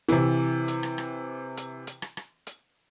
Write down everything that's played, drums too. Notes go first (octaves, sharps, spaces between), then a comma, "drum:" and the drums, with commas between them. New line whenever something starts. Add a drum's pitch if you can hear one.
C3 E3, drum: hi-hat
drum: hi-hat
drum: rim click
drum: rim click
drum: hi-hat
drum: hi-hat
drum: rim click
drum: rim click
drum: hi-hat